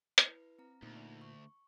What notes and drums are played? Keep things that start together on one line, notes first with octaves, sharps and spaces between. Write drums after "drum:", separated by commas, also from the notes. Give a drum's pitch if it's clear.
drum: hi-hat
E4 B4
C4 A#5
D2 A#2 D#4
D5
C#6